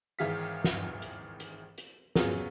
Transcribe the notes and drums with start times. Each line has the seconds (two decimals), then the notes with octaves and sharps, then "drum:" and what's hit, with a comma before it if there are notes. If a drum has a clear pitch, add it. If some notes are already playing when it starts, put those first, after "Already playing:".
0.19 G#1 D#3 E3 G#4 F5 B6
0.64 drum: snare
1.02 drum: hi-hat
1.40 drum: hi-hat
1.78 drum: hi-hat
2.16 F#3 B3 C#4 F4 G#4, drum: snare